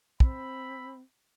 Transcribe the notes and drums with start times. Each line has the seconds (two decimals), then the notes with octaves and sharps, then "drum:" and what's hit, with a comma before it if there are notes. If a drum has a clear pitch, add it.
0.20 C4 E5 B5, drum: kick